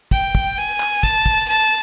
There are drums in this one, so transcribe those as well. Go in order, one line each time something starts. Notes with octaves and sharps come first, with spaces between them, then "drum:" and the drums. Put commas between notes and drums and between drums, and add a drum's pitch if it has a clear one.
G5, drum: kick
drum: kick
G#5
drum: clap
A5, drum: kick
drum: kick
A5